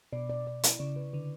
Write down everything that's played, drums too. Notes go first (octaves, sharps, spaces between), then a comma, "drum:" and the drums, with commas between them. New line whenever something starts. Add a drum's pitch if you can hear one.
B2 D5
D5
D5
E4, drum: hi-hat
C#3 D5
B4
D3 B4